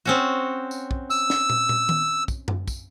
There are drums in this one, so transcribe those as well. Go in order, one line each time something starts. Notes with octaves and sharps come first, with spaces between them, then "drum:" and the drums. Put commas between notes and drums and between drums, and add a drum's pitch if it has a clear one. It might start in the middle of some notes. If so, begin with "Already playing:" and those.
C4 C#4 F#4
drum: tambourine
drum: kick
E6, drum: tambourine
drum: snare
drum: tom
drum: tom
drum: tom D#3
drum: kick, tambourine
drum: tom F#2
drum: kick, tambourine